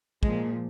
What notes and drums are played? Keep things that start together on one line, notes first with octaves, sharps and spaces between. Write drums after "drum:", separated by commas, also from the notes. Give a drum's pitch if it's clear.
A#2 F3 G#3, drum: kick